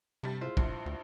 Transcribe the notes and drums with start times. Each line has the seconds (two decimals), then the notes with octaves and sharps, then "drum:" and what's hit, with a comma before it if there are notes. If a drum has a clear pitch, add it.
0.23 G2 C3 G3
0.41 G#3 E4 F4 C5
0.57 F1 A#1 G2, drum: kick
0.86 D2